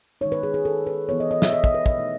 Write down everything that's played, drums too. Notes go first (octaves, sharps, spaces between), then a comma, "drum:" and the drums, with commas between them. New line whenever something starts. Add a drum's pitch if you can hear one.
D#3 G#3 D#4 C#5
B4
G#4
G#4
A4
B4
E3 B3 E4 C#5
D#5
D#5
E5, drum: snare
D#5
D#5, drum: kick
B4
D#5, drum: kick
B2 A3 D#4